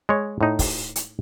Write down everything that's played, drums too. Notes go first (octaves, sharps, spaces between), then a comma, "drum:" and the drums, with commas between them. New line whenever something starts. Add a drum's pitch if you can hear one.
G#3 C#5
A2 D#4
drum: kick, open hi-hat
drum: hi-hat